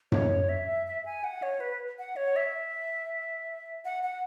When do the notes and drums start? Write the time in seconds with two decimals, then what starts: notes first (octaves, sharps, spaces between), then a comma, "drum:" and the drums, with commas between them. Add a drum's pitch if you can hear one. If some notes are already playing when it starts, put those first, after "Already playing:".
0.12 C#5, drum: tom F#2
0.49 E5
0.87 E5
1.06 G#5
1.24 F#5
1.42 C#5
1.60 B4
1.98 F#5
2.16 C#5
2.36 E5
3.85 F#5
4.03 F#5